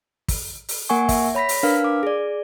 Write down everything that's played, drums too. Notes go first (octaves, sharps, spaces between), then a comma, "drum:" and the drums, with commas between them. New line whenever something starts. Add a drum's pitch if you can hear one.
drum: kick, open hi-hat
drum: open hi-hat
A#3 A#4 F#5 G#5 C#6
E5, drum: kick, open hi-hat
C#5 B5 A#6 B6
drum: open hi-hat
D4 A#4 B4 F5 F6
D6
G#4 D5